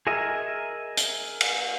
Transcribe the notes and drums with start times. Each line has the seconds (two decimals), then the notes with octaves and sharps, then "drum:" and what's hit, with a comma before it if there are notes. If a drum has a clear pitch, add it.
0.07 G#4 A#4 D#5 E5
0.97 drum: hi-hat
1.41 drum: cymbal